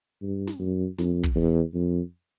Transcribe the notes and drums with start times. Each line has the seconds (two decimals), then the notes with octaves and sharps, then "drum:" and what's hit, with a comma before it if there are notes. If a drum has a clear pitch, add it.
0.23 G2
0.47 drum: snare
0.59 F#2
0.98 F2, drum: snare
1.23 drum: kick
1.35 E2
1.74 F2